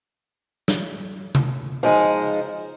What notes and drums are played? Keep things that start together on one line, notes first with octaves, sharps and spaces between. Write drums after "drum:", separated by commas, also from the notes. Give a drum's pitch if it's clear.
drum: snare
drum: tom C3
F3 G#3 D#4, drum: open hi-hat